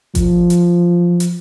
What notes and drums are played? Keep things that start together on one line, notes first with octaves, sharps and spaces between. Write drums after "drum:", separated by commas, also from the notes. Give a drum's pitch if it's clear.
F3, drum: kick G#1, hi-hat
drum: hi-hat
drum: hi-hat